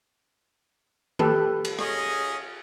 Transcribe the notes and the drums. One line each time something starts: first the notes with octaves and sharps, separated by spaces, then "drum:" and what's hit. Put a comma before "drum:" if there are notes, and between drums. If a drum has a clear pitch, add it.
G4 A4 B4, drum: tom D#3
drum: cymbal
C#4 G#4 D#5, drum: rim click